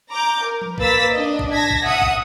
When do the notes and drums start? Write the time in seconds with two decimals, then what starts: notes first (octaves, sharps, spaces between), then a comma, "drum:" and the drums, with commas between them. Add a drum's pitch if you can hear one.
0.12 A#5 D6 G6
0.44 A#4
0.62 drum: tom F3
0.78 A#3 B4 E6 A6 B6, drum: kick
1.13 D4 D#5
1.39 drum: kick
1.51 A5 G#6 A#6 B6
1.71 drum: kick
1.86 E5 F#5 D#6, drum: tom B2
2.02 drum: kick